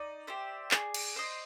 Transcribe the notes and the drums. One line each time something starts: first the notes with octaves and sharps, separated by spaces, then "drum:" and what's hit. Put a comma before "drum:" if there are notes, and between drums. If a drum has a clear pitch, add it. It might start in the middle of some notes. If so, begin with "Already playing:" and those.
Already playing: D#4 D5
G4 C5 E5
G#4, drum: clap
drum: cymbal
C5 D#5